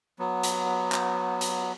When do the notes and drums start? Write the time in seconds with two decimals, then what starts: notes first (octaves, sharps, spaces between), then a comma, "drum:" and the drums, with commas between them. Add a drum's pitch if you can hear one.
0.19 F#3 B3
0.43 drum: hi-hat
0.92 drum: clap
1.41 drum: hi-hat